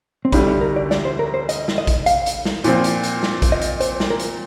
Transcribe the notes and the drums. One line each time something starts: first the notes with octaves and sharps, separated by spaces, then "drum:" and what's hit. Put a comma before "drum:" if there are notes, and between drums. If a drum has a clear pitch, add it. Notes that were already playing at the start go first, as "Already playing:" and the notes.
C4
D2 D3 G3 D4, drum: kick A#1, hi-hat
D#4
A#4
D5
D5, drum: snare
C5
A#4
C5
D#5, drum: hi-hat
drum: snare
D#5
drum: kick A#1, hi-hat
F5, drum: hi-hat
drum: hi-hat
drum: snare
A#2 F3 C4, drum: hi-hat
drum: hi-hat
drum: hi-hat
drum: snare
drum: kick A#1, hi-hat
D#5
drum: hi-hat
C5, drum: hi-hat
drum: snare
A#4
drum: hi-hat